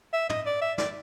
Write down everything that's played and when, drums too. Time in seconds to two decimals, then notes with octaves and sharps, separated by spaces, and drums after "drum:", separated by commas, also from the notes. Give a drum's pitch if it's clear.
0.13 E5
0.29 D#5, drum: tom
0.46 D5
0.62 E5
0.78 D5, drum: snare